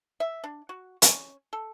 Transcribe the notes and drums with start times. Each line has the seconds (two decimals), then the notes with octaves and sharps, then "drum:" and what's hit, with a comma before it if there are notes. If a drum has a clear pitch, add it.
0.20 E5
0.44 D4
0.69 F#4
1.02 C#4, drum: hi-hat
1.53 A4